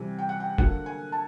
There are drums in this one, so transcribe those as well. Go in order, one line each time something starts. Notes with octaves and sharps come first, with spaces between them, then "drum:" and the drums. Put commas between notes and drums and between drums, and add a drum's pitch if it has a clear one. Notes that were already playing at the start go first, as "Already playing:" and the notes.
Already playing: C3 E3 G3 G#5
G5
F#5
G5
D3 F#3 A#3 F#5, drum: kick
G#5
A5